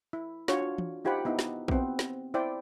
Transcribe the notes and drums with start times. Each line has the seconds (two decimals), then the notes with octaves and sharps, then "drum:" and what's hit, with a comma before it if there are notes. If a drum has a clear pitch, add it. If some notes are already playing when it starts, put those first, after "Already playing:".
0.13 E4
0.48 D4 F4 F#4 C#5, drum: snare
0.78 drum: tom E3
1.05 D#4 F4 G4 C5 F#5 B5
1.25 B3 D#4 E4
1.39 drum: snare
1.68 B3 C4, drum: kick A#1
1.99 drum: snare
2.34 E4 C5 D5 G5